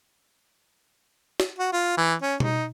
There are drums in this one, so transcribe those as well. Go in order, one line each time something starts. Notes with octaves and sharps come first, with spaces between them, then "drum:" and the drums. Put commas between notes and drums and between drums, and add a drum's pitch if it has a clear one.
drum: snare
F#4
F4
E3
C#4
D#4, drum: tom B2